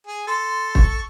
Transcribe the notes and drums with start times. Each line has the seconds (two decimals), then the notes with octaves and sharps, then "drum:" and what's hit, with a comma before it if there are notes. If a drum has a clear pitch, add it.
0.07 G#4
0.27 A4 C6
0.75 C#6, drum: kick